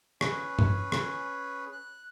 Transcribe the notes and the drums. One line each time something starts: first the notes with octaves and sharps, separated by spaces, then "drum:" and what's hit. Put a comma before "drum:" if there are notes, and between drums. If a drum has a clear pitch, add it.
C#4 G#4 B4, drum: rim click
drum: tom
drum: rim click
F#6